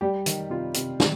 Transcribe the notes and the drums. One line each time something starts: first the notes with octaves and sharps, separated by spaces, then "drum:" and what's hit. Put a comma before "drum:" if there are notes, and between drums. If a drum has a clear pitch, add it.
G3 G4
D#3, drum: hi-hat
C3 F4
C3, drum: hi-hat
G3, drum: snare